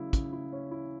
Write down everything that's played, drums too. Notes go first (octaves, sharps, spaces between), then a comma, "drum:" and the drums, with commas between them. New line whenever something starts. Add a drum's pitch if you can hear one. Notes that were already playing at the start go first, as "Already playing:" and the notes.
Already playing: C#3 F#3 E4
C#3, drum: kick, hi-hat
E4
C#4
E4